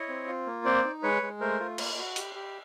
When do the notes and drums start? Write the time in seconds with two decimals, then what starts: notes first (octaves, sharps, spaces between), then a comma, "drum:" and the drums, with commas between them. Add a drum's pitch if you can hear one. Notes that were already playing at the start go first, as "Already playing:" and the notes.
Already playing: E4 C#5 D#5
0.08 C4
0.27 F4
0.46 A#3
0.65 C4 C5 D5
0.84 D#4
1.03 G#3 B4 C#5
1.22 G#3
1.40 A3 A#4 C5
1.60 F4
1.78 A#3, drum: cymbal
1.98 F#4
2.16 G4, drum: hi-hat
2.35 G4